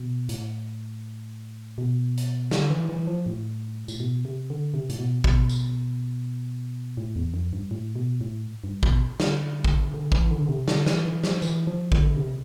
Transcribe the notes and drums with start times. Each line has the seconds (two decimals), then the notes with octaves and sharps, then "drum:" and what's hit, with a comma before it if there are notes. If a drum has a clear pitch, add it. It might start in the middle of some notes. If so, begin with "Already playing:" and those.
Already playing: B2
0.29 A2, drum: hi-hat
1.78 B2
2.17 drum: hi-hat
2.51 D3, drum: snare
2.70 E3
2.89 E3
3.07 F3
3.26 A2
3.88 A2, drum: tambourine
4.00 B2
4.25 C3
4.50 D3
4.74 C3
4.89 A2, drum: hi-hat
4.99 B2
5.24 B2, drum: kick G#1
5.49 drum: tambourine
6.97 A2
7.16 E2
7.34 F2
7.53 G2
7.71 A2
7.96 B2
8.21 A2
8.64 G2
8.83 B2, drum: kick G#1
9.20 D3, drum: snare
9.64 drum: kick G#1
9.94 D3
10.12 E3, drum: kick G#1
10.31 D3
10.42 D3
10.49 C3
10.68 D3, drum: snare
10.86 E3, drum: snare
11.05 E3
11.24 F3, drum: snare
11.42 E3, drum: tambourine
11.67 F3
11.92 D3, drum: kick G#1
12.16 C3